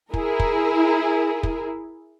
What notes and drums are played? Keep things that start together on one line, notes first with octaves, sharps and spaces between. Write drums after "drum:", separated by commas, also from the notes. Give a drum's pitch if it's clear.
E4 G#4 A#4, drum: kick
drum: kick
drum: kick